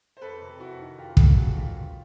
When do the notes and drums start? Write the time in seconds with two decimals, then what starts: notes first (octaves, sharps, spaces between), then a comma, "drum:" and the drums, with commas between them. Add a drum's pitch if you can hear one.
0.17 C5
0.22 F2 A4 B4
0.41 C3
0.60 F2 E4 F#4
0.80 D#3
0.98 F2 F4 G4
1.17 C3 G4 A4, drum: kick
1.36 F2 F#4 G#4
1.55 D#3 F4 G4
1.74 C#2